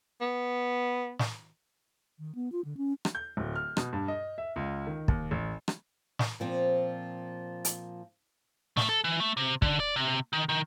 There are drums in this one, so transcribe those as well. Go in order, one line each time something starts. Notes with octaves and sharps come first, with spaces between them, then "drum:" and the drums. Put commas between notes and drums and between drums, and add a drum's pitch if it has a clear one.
B3
drum: snare
D#3
B3
F4
D3
C#4
drum: rim click
G6
D1
F6
B2, drum: rim click
G2
D#5
E5
C#2
D#3
D#2, drum: kick
A1
drum: rim click
drum: snare
A#2 F3 C4
drum: hi-hat
A3, drum: snare
A4
E3
A3
C3
D3, drum: kick
D5
C3
D#3
D#3